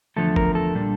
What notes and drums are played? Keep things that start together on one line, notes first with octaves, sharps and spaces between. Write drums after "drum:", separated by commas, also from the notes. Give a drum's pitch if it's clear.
E2 D3 F3 A3 A4
A#4, drum: kick
A4
A#2 G3 D4